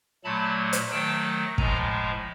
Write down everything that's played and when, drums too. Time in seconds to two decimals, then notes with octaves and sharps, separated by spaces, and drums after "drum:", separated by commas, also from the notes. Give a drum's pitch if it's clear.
0.24 A#2 F#3 A3 A5 B5
0.73 drum: hi-hat
0.91 D#3 F#3 A3 G5 A5
1.58 A2 F3 G#3 G#5 A#5, drum: kick